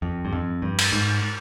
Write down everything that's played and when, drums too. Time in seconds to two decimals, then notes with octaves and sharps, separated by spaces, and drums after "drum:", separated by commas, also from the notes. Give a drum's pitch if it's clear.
0.02 F2
0.25 G2
0.32 F2
0.62 G2
0.79 drum: cymbal
0.92 G#2